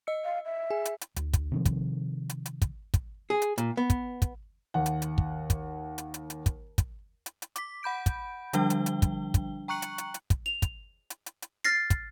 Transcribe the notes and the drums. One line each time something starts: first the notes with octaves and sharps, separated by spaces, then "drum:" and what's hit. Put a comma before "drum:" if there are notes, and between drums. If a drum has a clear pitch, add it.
D#5 E6 C#7
F5
E5
G#4 G#5
drum: hi-hat
drum: hi-hat
D2, drum: hi-hat
drum: kick, hi-hat
C3 D#3 F3
drum: kick, hi-hat
drum: hi-hat
drum: hi-hat
drum: kick, hi-hat
drum: kick, hi-hat
G#4
drum: hi-hat
A#2, drum: hi-hat
B3
drum: kick, hi-hat
drum: kick, hi-hat
D#2 F#5
drum: hi-hat
drum: hi-hat
drum: kick
drum: kick, hi-hat
drum: hi-hat
drum: hi-hat
drum: hi-hat
drum: kick, hi-hat
drum: kick, hi-hat
drum: hi-hat
drum: hi-hat
D6 B6, drum: hi-hat
F#5 B5 G6 D7
drum: kick, hi-hat
D3 F3 G3 D4 G5 G7, drum: hi-hat
drum: hi-hat
drum: hi-hat
drum: kick, hi-hat
drum: kick, hi-hat
G5 A#5 C#6 F#6 C#7 F#7
drum: hi-hat
drum: hi-hat
drum: hi-hat
drum: kick, hi-hat
F7
drum: kick, hi-hat
drum: hi-hat
drum: hi-hat
drum: hi-hat
F6 A6 A#6 C7
drum: kick, hi-hat